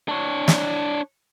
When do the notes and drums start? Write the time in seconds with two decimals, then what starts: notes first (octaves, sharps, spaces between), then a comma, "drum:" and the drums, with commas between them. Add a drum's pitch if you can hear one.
0.08 D4 C#5
0.48 drum: snare